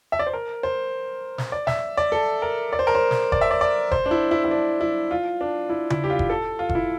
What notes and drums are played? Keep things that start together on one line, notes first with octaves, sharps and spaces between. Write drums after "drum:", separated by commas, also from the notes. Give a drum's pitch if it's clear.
E5
D5
C5
A#4
C5
drum: snare
D5
E5, drum: snare
D5
A4
A#4
D5
C5
A#4
C5
drum: snare
D5, drum: kick F#1
E5
D5
D5
C5, drum: kick F#1
D4
E4
E4
E4
D4
E4
F4
D4
E4
E4, drum: tom C#3
G4
F4
drum: kick F#1
A4
F4
F4, drum: kick F#1
E4